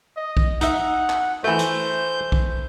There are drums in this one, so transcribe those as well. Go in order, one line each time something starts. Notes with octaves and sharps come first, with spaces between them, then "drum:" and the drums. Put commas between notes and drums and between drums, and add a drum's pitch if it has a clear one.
D#5
drum: kick B1
D#4 E5 F#5, drum: hi-hat
drum: clap
E3 A3 C5 G6
drum: hi-hat
drum: kick B1